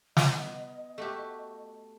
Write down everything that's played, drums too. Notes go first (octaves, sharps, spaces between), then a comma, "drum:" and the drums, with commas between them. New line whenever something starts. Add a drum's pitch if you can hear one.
B3 D#5 F#5 A#5, drum: snare
A3 F#4 G4